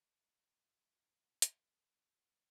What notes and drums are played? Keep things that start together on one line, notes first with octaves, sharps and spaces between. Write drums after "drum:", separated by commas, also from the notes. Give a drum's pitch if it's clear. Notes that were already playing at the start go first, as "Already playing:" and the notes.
G#3 A3 F4 A#5
drum: hi-hat